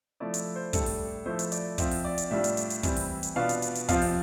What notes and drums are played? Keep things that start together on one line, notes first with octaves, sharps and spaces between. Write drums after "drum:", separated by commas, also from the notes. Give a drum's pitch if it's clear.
F3 A3 E4 D5
drum: hi-hat
C5
A2 G3 D4 A4, drum: kick, hi-hat
drum: open hi-hat
F3 A3 E4 C5
drum: hi-hat
D5, drum: hi-hat
F3 C4 F4 E5, drum: kick, hi-hat
drum: open hi-hat
D5
drum: hi-hat
A2 G3 D4 F4 E5
drum: hi-hat
drum: hi-hat
drum: hi-hat
E3 G3 C4 E4, drum: kick, hi-hat
drum: open hi-hat
drum: hi-hat
B2 B3 D4 F4 F5
drum: hi-hat
drum: hi-hat
drum: hi-hat
C3 F3 C4 F4 F5, drum: kick, hi-hat
drum: open hi-hat